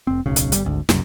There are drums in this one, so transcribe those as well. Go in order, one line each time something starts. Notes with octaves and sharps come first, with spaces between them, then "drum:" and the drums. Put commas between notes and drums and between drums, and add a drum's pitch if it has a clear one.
F1 C4
D1 B1 C#3
drum: hi-hat
G1 G3, drum: hi-hat
G#1 D2
F#1 C2 F#2, drum: snare